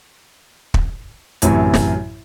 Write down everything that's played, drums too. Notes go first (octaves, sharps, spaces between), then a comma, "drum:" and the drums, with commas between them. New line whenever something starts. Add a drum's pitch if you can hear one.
drum: kick
A1 F#2 A2 C3 F#3, drum: hi-hat
drum: snare